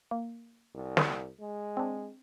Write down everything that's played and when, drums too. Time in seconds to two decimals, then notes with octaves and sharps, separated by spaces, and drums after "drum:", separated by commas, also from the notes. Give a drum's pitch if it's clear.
0.11 A#3
0.75 C2
0.97 drum: snare
1.41 G#3
1.77 C4 D4